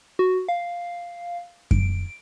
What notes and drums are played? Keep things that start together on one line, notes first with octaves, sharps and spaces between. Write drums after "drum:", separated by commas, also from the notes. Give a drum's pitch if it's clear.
F#4
F5
D7, drum: kick F#2